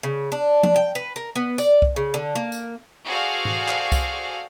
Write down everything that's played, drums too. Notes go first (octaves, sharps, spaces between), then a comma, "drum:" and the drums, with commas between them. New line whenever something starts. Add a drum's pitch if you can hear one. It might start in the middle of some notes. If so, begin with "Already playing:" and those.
C#3
D4
D4, drum: tom
G5
B4
A#4
B3
D5, drum: tambourine
drum: kick C2
C#3
D3
A#3
drum: tambourine
F#4 G#4 A4 C5 D5 F5
drum: tom G#2
drum: clap
drum: kick C2, tambourine